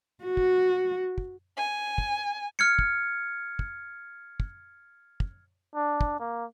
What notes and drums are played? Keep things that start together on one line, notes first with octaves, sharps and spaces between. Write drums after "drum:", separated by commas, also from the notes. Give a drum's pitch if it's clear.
F#4
drum: kick
drum: kick
G#5
drum: kick
F6 G#6 C#7
drum: kick
drum: kick
drum: kick
drum: kick
D4
drum: kick
A#3